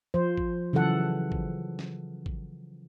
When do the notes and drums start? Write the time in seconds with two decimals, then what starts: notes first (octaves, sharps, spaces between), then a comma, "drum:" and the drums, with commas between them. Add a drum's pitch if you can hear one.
0.14 F3 C5
0.38 drum: kick
0.73 C#3 E3 F#3 A4 F#5
1.32 drum: kick
1.79 drum: snare
2.26 drum: kick